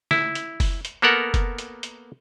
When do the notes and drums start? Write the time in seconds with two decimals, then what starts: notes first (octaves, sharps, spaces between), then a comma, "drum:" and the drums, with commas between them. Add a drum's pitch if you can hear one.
0.11 E4, drum: snare
0.35 drum: hi-hat
0.60 drum: kick F#1, open hi-hat
0.85 drum: hi-hat
1.02 A#3 B3 A4 A#4 F#5
1.34 drum: kick F#1, hi-hat
1.58 drum: hi-hat
1.83 drum: hi-hat